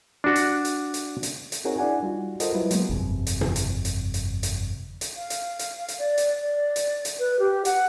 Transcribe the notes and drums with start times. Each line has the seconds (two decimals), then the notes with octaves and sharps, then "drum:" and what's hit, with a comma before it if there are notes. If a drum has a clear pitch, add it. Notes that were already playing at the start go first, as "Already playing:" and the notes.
0.24 D4 F#4
0.36 drum: hi-hat
0.65 drum: hi-hat
0.94 drum: hi-hat
1.23 drum: hi-hat
1.52 drum: hi-hat
1.65 C4 D#4 F#4 G#4 A#4 C#5
1.78 D4 E4 D5 F#5 G#5
2.03 G3 D#4 F4 F#4
2.40 F4 F#4 A4 A#4 C5 D#5, drum: hi-hat
2.54 F#3 G3 E4 F4 B4
2.71 F#3 G#3 A#3 B3, drum: hi-hat
2.90 G1 F2 C3
3.27 drum: hi-hat
3.41 drum: tom
3.56 drum: hi-hat
3.85 drum: hi-hat
4.14 drum: hi-hat
4.43 drum: hi-hat
5.01 drum: hi-hat
5.16 F5
5.30 drum: hi-hat
5.59 drum: hi-hat
5.88 drum: hi-hat
5.99 D5
6.18 drum: hi-hat
6.42 D5
6.76 drum: hi-hat
7.05 drum: hi-hat
7.19 B4
7.39 G4
7.65 F#5, drum: hi-hat